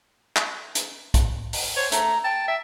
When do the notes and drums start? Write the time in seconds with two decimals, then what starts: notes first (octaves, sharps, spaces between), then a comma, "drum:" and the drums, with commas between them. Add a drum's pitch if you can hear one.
0.36 drum: clap
0.75 drum: hi-hat
1.14 drum: kick, hi-hat
1.53 drum: open hi-hat
1.77 C5 C#5
1.92 A3 A#5, drum: hi-hat
2.24 G5 A5
2.48 E5